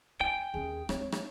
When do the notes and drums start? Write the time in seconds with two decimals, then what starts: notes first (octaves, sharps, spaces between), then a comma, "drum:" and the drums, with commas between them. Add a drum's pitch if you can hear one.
0.21 E4 G5 G#5
0.54 D#2 C#4 G#4
0.89 G#3 C4 C#5, drum: rim click
1.12 drum: rim click